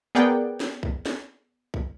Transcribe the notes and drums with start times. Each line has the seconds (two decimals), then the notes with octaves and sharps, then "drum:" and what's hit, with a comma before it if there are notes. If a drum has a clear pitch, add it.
0.15 B3 G#4 A#4 D5 F#5 G5
0.60 drum: snare
0.83 drum: kick
1.06 drum: snare
1.74 drum: kick